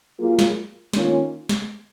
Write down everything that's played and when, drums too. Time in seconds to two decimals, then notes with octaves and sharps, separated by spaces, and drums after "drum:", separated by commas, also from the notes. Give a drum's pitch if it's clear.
0.20 F#3 A#3 F4 G#4
0.39 drum: snare
0.93 D#3 A#3 C#4 F4, drum: snare
1.49 drum: snare